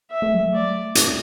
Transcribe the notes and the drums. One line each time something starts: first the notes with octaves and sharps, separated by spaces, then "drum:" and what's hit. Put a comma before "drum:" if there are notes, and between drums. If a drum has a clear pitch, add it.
E5
A3
F#3
A3
D5
drum: hi-hat